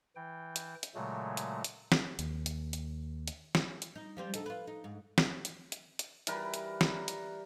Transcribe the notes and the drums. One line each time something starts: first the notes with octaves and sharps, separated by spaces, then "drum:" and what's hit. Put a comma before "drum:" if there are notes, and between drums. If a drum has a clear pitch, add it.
E3 G5
drum: hi-hat
drum: hi-hat
A#2 C#3 F#3 G#3 A3
drum: hi-hat
drum: hi-hat
drum: snare
D#2, drum: hi-hat
drum: hi-hat
drum: hi-hat
drum: hi-hat
drum: snare
drum: hi-hat
D#4
F3 G3 C4
D2 D#4 A4, drum: hi-hat
F4 B4
D#4
G#2
drum: snare
drum: hi-hat
drum: hi-hat
drum: hi-hat
E3 G3 A#4 B4, drum: hi-hat
drum: hi-hat
drum: snare
drum: hi-hat